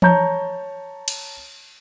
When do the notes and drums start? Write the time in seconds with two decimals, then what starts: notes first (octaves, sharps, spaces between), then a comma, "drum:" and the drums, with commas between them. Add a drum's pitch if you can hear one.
0.02 C#5 A5 A#5 G6, drum: tom E3
1.08 drum: cymbal